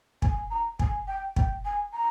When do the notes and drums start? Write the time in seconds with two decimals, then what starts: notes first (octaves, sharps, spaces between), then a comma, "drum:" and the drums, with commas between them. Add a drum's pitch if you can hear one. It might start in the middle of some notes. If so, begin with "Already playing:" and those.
0.22 G#5, drum: kick
0.51 A#5
0.79 G#5, drum: kick
1.08 G5
1.36 G5, drum: kick
1.65 G#5
1.93 A#5